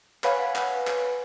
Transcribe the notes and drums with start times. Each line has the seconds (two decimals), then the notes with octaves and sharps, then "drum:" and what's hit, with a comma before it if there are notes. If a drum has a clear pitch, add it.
0.24 B4 C#5 F5 F#5 G#5 B5, drum: clap
0.56 drum: clap
0.87 drum: clap